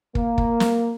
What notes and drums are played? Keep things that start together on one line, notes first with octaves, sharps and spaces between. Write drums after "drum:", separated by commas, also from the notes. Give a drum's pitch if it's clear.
A#3, drum: kick
drum: kick
drum: snare